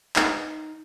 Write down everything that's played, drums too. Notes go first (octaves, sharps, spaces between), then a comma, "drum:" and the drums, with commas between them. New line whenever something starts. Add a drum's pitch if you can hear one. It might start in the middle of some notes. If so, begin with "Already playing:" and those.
D#4, drum: clap